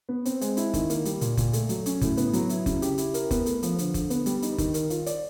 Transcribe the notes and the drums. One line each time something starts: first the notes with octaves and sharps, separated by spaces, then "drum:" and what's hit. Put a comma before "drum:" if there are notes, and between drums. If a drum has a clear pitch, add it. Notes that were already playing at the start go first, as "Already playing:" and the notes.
B3
C4, drum: hi-hat
G#3, drum: hi-hat
E4, drum: hi-hat
D#3, drum: kick F#1, hi-hat
A#3, drum: hi-hat
G3, drum: hi-hat
A#2, drum: hi-hat
A#2, drum: kick F#1, hi-hat
A3, drum: hi-hat
F#3, drum: hi-hat
C#4, drum: hi-hat
A2, drum: kick F#1, hi-hat
B3, drum: hi-hat
F#3, drum: hi-hat
E4, drum: hi-hat
C#3, drum: kick F#1, hi-hat
G4, drum: hi-hat
E4, drum: hi-hat
A#4, drum: hi-hat
B3, drum: kick F#1, hi-hat
A3, drum: hi-hat
F3, drum: hi-hat
D3, drum: hi-hat
D3, drum: kick F#1, hi-hat
B3, drum: hi-hat
G3, drum: hi-hat
D#4, drum: hi-hat
D#3, drum: kick F#1, hi-hat
A#4, drum: hi-hat
F4, drum: hi-hat
D5, drum: hi-hat